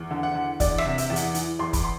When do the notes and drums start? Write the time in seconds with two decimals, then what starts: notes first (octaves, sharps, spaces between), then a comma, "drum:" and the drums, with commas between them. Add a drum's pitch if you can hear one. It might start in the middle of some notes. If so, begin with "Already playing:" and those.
Already playing: E2
0.11 D3
0.23 F#5
0.35 D3
0.60 E2 D5, drum: kick, hi-hat
0.78 E5, drum: rim click
0.85 C3
0.98 E5, drum: hi-hat
1.10 E2
1.16 F#5, drum: hi-hat
1.35 E3, drum: hi-hat
1.59 E2 C6
1.73 B5, drum: kick, hi-hat
1.84 C6